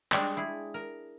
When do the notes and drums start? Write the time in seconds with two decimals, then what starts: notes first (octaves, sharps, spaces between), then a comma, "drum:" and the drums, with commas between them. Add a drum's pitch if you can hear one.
0.12 G3 G#3 D4, drum: clap
0.37 E4 G#4
0.74 A#4